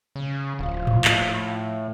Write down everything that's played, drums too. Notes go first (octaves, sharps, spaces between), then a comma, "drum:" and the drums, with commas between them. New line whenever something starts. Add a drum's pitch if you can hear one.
C#3
D1 F3 F5
drum: tom G#2
A2, drum: clap